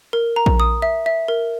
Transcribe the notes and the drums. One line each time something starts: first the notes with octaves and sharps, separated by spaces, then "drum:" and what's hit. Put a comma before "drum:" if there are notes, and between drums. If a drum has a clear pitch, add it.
A#4
A#5
drum: kick A#1
D#6
E5
E5
A#4